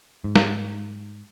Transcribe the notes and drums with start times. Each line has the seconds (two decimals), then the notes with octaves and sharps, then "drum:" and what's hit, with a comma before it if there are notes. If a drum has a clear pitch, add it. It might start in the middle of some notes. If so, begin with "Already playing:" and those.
0.24 G#2
0.36 drum: snare